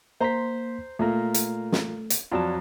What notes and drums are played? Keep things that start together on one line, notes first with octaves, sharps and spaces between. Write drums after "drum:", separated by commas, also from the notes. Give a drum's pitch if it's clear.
A#3 C5 A#5 C6 B6
A#2 A3 A#3 A4
drum: hi-hat
drum: snare
drum: hi-hat
F2 F#3 F4 D5 A5